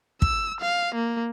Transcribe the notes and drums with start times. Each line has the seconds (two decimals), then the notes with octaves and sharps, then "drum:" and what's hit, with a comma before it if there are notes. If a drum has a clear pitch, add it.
0.22 E6, drum: kick
0.61 F5
0.95 A#3